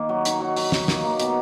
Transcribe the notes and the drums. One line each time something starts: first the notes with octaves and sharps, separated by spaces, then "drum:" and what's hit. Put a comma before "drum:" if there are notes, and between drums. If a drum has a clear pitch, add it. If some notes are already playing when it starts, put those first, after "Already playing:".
Already playing: D#3 A#3
F#3
D#4, drum: hi-hat
F#3
F#3, drum: open hi-hat
D#4, drum: snare
A#3, drum: snare
A#3
B2, drum: hi-hat